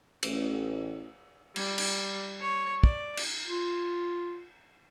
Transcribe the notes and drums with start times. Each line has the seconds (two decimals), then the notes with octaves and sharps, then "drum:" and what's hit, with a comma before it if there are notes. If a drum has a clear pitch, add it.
0.23 A1, drum: cymbal
1.56 G3, drum: cymbal
1.78 drum: cymbal
2.41 C#5
2.83 D5, drum: kick
3.17 drum: cymbal
3.47 F4